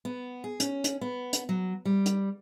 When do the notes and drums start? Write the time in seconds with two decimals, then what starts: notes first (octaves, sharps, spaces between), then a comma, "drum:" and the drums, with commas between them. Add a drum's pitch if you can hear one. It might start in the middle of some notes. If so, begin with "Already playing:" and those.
0.05 B3
0.44 G#4
0.60 C#4, drum: hi-hat
0.84 drum: hi-hat
1.01 B3
1.33 drum: hi-hat
1.49 F#3
1.85 G3
2.06 drum: hi-hat